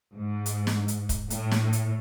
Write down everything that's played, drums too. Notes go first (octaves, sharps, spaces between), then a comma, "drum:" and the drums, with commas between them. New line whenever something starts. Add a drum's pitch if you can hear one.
G#2
drum: hi-hat
drum: snare
drum: hi-hat
drum: kick, hi-hat
A2, drum: hi-hat
drum: snare
drum: hi-hat